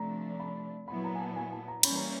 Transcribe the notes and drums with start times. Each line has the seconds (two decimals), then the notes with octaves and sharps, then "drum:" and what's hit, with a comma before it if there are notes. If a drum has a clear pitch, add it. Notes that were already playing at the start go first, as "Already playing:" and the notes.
Already playing: C3 F3 A3 D4 A#5
0.40 B5
0.88 A#2 F#3 B3 E4 B5
1.04 A#5
1.15 G#5
1.20 A5
1.36 G#5
1.52 A5
1.68 A#5
1.83 E3 G3 A#3 C#4 B5, drum: cymbal
1.96 A#5